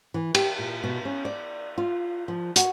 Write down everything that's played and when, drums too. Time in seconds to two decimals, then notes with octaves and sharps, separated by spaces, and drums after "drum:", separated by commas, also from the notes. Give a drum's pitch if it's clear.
0.14 E3
0.35 G4, drum: cymbal
0.59 A#2
0.84 B2
1.05 C#4
1.25 D5
1.78 F4
2.28 F3
2.56 F#4, drum: hi-hat